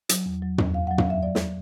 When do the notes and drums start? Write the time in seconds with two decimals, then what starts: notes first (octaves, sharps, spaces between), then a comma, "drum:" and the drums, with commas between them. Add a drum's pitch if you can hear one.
0.09 F#3, drum: hi-hat
0.26 E2
0.42 F#3
0.58 E2, drum: tom
0.74 D#2 F5
0.87 F#5
0.91 F#3
0.98 F5, drum: tom
1.07 F#3 E5
1.23 F#3 D5
1.35 drum: snare